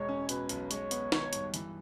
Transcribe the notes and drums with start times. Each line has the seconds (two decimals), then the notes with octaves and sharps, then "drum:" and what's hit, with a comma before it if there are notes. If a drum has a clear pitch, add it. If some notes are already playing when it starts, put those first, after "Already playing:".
Already playing: E1 G#3 C#5
0.09 C#4
0.29 B2 B4, drum: hi-hat
0.49 B1, drum: hi-hat
0.71 G#3 C#5, drum: hi-hat
0.91 B3, drum: hi-hat
1.12 D#3 C#5, drum: snare
1.33 G2, drum: hi-hat
1.54 E3, drum: hi-hat